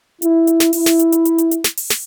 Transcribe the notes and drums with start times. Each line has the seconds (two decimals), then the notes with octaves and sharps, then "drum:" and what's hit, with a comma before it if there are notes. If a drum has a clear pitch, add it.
0.22 E4, drum: hi-hat
0.47 drum: hi-hat
0.60 drum: snare
0.73 E4, drum: open hi-hat
0.86 drum: snare
0.99 drum: hi-hat
1.12 drum: hi-hat
1.25 drum: hi-hat
1.38 drum: hi-hat
1.51 drum: hi-hat
1.64 drum: snare
1.77 drum: open hi-hat
1.90 drum: snare